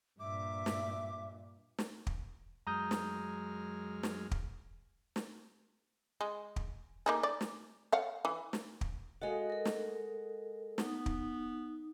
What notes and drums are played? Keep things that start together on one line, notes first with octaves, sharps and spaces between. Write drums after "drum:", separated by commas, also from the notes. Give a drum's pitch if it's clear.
G2 A#2 E5 D6
drum: snare
drum: snare
drum: kick
F#2 G#3 A#5 D#6 F6 G6
drum: snare
drum: snare
drum: kick
drum: snare
G#3
drum: kick
A#3 D#4 G#4
D5
drum: snare
C#5 F5 F#5
E3
drum: snare
drum: kick
G#3 F#4 A4 D#5 F5 F#5
A4 A#4
drum: snare
B3 D#4, drum: snare
drum: kick